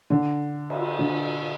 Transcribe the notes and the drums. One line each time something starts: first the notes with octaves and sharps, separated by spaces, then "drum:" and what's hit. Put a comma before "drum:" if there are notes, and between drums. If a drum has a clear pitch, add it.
D3
drum: cymbal
D3